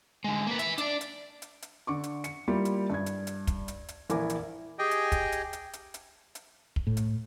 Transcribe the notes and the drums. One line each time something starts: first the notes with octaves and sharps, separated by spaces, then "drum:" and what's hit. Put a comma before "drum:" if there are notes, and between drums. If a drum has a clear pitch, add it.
D3 G#3
A#3 B4
B4 E5, drum: hi-hat
D4 D5, drum: hi-hat
drum: hi-hat
drum: hi-hat
drum: hi-hat
D3 C#6 D6
drum: hi-hat
C#7, drum: hi-hat
G3 A#3 E4 F4
drum: hi-hat
G2 G#6
drum: hi-hat
drum: hi-hat
drum: kick, hi-hat
drum: hi-hat
drum: hi-hat
A#1 E3 E4 A#4 G#5 D6, drum: hi-hat
drum: hi-hat
G4 G#4 D#5 G5 G#5
drum: hi-hat
drum: kick, hi-hat
drum: hi-hat
drum: hi-hat
drum: hi-hat
drum: hi-hat
drum: hi-hat
drum: kick
A2
drum: hi-hat